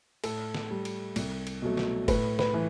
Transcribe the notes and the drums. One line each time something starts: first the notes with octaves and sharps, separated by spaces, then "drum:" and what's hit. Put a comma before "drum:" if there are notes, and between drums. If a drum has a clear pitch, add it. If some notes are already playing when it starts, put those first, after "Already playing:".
A2 A4, drum: cymbal
drum: snare
G3
drum: cymbal
C2, drum: cymbal
drum: cymbal
B2 F#3 A3
drum: snare
A2 B4, drum: kick F#1, cymbal
B4, drum: snare
E3